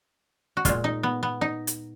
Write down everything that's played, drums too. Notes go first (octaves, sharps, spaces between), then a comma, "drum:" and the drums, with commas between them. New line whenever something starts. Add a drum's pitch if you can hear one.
F#4
A#2 G#3 F4, drum: kick, hi-hat
D#4
B3
B3
D#4
drum: hi-hat